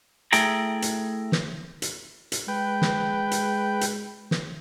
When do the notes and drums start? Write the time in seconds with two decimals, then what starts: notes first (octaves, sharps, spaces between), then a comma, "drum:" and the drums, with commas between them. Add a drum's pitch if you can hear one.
0.32 A3 E4 G#4 G5 A#5, drum: hi-hat
0.82 drum: hi-hat
1.32 drum: snare
1.82 drum: hi-hat
2.32 drum: hi-hat
2.48 G#3 B4 G5
2.82 drum: snare
3.31 drum: hi-hat
3.81 drum: hi-hat
4.31 drum: snare